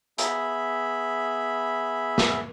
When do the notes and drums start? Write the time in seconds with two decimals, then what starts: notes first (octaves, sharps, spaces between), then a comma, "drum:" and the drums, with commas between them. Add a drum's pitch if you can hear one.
0.18 B3 G#4 E5 B5, drum: hi-hat
2.18 drum: snare